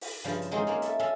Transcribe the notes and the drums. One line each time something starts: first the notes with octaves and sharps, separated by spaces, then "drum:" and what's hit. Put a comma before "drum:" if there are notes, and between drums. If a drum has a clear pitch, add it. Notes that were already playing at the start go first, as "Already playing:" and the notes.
drum: open hi-hat
G2 C#3 F3 G3 F5
drum: hi-hat
F#3 G#3 C4 D#4 F4
A#3 C#4 C#5
A4 E5, drum: hi-hat
C#4 A4 E5 F5